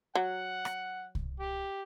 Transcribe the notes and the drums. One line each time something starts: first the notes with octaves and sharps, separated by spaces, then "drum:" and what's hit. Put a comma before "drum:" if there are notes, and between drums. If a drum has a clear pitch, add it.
F#3 F#5
drum: rim click
drum: kick C2
G4